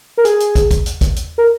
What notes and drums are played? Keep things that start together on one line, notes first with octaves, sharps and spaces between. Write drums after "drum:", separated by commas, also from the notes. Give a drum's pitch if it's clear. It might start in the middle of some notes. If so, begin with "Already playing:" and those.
A#4
G#4, drum: hi-hat
drum: hi-hat
drum: kick, hi-hat
drum: kick, hi-hat
drum: hi-hat
drum: kick, hi-hat
drum: hi-hat
A#4